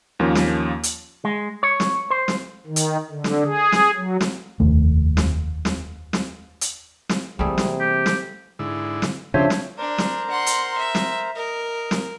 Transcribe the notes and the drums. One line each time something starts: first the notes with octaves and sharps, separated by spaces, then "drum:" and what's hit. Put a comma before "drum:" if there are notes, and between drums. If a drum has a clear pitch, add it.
D#2 F3 A#3 C#4
drum: snare
drum: hi-hat
G#3
C#5
drum: snare
C5
drum: snare
D#3
drum: hi-hat
D3
drum: snare
G#4
drum: snare
F#3
drum: snare
F1 D#2 A3
drum: snare
drum: snare
drum: snare
drum: hi-hat
drum: snare
C3 E3 G3 A3 A#3 G#4
drum: snare
G4
drum: snare
G#2 D3 E4
drum: snare
C#3 F3 C4 D4 G4 C#5 E5
drum: snare
D4 A#4 C5 A#5
drum: snare
F#5 C6
drum: hi-hat
E5
drum: snare
A#4 D#5
drum: snare